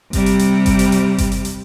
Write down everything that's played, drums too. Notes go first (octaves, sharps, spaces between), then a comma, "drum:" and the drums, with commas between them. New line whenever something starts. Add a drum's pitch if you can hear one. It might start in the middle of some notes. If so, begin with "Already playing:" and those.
C3 G3, drum: kick G1, hi-hat
drum: hi-hat
drum: hi-hat
drum: kick G1, hi-hat
drum: hi-hat
drum: hi-hat
drum: kick G1, hi-hat
drum: hi-hat
drum: hi-hat